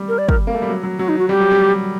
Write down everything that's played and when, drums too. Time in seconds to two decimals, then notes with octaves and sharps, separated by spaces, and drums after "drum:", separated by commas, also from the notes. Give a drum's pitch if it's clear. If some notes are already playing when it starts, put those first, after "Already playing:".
Already playing: G3
0.08 A#4
0.18 D5
0.29 A#4, drum: kick
0.47 A#3
0.54 A3
0.62 G3
0.69 F#3
0.83 F#3
0.98 F#3 F#4
1.09 D#4
1.19 F#4
1.29 G3 G4
1.40 F#3
1.52 G3